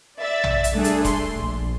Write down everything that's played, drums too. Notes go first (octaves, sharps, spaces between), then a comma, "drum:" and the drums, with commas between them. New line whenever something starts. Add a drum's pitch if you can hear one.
D5 E5 A6
drum: tom
drum: hi-hat
G3 A3 D4 G#4 A4
drum: hi-hat
C6, drum: kick E1, hi-hat
A#1